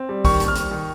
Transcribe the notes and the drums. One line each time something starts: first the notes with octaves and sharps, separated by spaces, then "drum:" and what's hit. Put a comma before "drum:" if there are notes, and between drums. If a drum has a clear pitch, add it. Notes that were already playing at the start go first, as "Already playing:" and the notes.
Already playing: C4
G3
D#3 C#6, drum: kick B1, open hi-hat
D#2, drum: hi-hat
F6
G3, drum: hi-hat
D#3